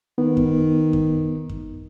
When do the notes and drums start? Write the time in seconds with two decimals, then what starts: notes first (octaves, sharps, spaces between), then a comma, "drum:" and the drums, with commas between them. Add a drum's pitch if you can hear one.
0.18 D#3 B3
0.37 drum: kick F#2
0.93 drum: kick F#2
1.49 drum: kick F#2